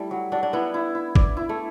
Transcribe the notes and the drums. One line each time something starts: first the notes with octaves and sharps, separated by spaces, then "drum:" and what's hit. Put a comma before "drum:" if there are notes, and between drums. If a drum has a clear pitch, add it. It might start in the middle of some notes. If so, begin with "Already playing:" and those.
Already playing: G3 A3 E4
F#3
F#3 D4
D4
B3 E4
E4
E4
D5, drum: kick
E4
A3